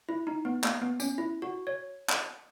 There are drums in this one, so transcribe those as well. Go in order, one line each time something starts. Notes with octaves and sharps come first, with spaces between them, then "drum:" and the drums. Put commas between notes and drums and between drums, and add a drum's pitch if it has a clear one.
E4
D#4
B3
A#3, drum: clap
B3
C#4, drum: tambourine
E4
F#4
C#5
drum: clap